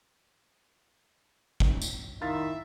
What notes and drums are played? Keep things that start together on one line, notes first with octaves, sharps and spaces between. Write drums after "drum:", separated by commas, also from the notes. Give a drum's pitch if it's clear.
drum: kick
drum: tambourine
D#3 E4 E5 F5 C6 A6